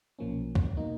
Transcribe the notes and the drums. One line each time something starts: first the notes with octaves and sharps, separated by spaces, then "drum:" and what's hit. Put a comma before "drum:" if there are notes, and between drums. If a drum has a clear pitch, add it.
B1 A#2 F3 A#3 C#4
drum: kick C#2
B2 A#3 D#4